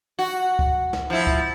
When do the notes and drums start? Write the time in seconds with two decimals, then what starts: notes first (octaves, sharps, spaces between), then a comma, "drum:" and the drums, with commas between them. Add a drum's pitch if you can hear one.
0.19 F#4
0.59 drum: kick C#2
0.93 drum: snare
1.10 F3 E4
1.27 drum: kick C#2